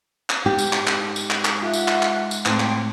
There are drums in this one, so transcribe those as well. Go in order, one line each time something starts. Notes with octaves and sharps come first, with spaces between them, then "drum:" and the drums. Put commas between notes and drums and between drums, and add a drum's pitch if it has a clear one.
drum: clap
G#2 G4
drum: tambourine
drum: clap
drum: clap
drum: tambourine
drum: clap
drum: clap
F4 E5 F#5 F#6
drum: tambourine
drum: clap
drum: clap
drum: tambourine
A2 C4 G5 A5 C6, drum: clap
drum: clap